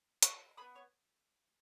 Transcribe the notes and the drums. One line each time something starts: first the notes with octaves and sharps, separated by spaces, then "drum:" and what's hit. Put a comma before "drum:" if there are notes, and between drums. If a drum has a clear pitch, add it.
C#6 F#6, drum: hi-hat
G#4 B5 D#6
B3
C#5